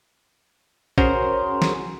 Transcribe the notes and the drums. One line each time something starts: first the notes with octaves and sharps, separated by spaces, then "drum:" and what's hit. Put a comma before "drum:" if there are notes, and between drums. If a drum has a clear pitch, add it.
C#4 F#4 G#4 A#4 C5, drum: kick
drum: snare